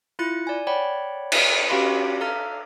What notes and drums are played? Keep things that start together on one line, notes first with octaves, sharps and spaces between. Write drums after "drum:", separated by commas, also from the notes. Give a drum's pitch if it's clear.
E4 F4 F#6 A6 C#7
D5 G#5
C#5 D5 F#5 G5 B5
drum: cymbal
C#4 F#4 G4 F5 B5 C6
A4 F5 A#5 F6 A6